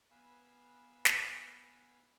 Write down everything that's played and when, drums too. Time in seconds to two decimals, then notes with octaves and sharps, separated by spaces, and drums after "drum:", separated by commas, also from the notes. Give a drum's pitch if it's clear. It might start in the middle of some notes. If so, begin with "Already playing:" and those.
0.11 B3 B4 F5 G#5 E6
1.05 drum: snare